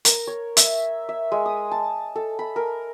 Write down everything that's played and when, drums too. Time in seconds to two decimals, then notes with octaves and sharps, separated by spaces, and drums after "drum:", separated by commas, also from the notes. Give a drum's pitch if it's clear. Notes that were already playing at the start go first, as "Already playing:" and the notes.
0.05 A#4, drum: hi-hat
0.27 C#5
0.57 E5, drum: hi-hat
1.09 E5
1.32 G#3
1.46 D#6
1.72 A5
2.16 A4
2.39 B5
2.56 A#4